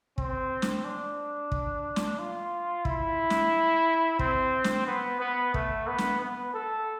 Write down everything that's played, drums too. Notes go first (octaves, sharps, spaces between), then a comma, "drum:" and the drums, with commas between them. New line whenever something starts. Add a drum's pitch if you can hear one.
C4, drum: kick
drum: snare
D4
drum: kick
drum: snare
F4
E4, drum: kick
drum: snare
C4, drum: kick
drum: snare
B3
B3
A3, drum: kick
B3
drum: snare
B3
A4